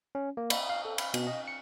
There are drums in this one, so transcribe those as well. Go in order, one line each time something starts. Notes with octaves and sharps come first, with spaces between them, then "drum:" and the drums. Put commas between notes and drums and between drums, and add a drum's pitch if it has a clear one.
C#4
A#3
B5, drum: cymbal
F5
A4
B5, drum: cymbal
B2, drum: cymbal
D#5
C#7